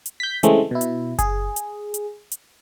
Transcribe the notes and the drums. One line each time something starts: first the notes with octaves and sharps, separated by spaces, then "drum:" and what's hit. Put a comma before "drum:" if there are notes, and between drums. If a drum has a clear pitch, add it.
drum: hi-hat
G6 B6
C#3 E3 G#3 A3 C4, drum: hi-hat
B2 E4
drum: hi-hat
G#4, drum: kick F#1, hi-hat
drum: hi-hat
drum: hi-hat
drum: hi-hat